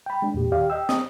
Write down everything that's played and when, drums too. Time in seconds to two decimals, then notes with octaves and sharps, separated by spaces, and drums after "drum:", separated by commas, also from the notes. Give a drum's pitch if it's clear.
0.06 G5 B5
0.22 G#3 D4
0.34 E2 A#2 G4
0.52 D#2 G4 D5 F5
0.70 D#5 G5 E6
0.89 D#6, drum: snare